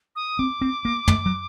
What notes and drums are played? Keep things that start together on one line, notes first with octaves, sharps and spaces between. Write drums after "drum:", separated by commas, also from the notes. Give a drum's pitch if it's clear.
D#6
C4 D6
C4
A#3
A3, drum: tom
F#3